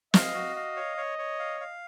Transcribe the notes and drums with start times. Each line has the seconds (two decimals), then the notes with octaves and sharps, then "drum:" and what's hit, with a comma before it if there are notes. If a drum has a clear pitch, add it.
0.14 D#5 F5, drum: snare
0.34 F#4
0.56 F5
0.76 C#5
0.97 C#5
1.18 C#5
1.39 F5
1.61 F5